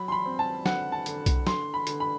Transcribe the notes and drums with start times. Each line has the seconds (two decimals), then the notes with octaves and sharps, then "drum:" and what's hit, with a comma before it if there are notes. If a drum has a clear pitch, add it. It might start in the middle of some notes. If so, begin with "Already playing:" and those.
Already playing: F#3 B5
0.08 C6
0.12 B5
0.25 C4
0.39 A5
0.66 D3 F#5, drum: snare
0.92 A5
1.06 D3, drum: hi-hat
1.26 drum: kick B1, hi-hat
1.47 D3 C6, drum: snare
1.74 B5
1.87 D3, drum: hi-hat
2.00 B5